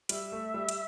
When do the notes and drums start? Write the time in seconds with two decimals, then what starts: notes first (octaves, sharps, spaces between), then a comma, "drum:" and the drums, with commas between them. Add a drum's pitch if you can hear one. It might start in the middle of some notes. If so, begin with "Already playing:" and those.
0.09 G3 E5, drum: hi-hat
0.32 A3
0.54 G3
0.69 drum: hi-hat